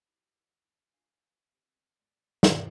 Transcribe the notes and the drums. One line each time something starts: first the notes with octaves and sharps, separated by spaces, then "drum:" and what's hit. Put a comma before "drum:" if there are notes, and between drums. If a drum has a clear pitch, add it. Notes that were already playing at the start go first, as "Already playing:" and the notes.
E4 G4 D#6
D4 F4 F5 G#5
D3 C4 G4
G#2 G#3 B3 D5
drum: snare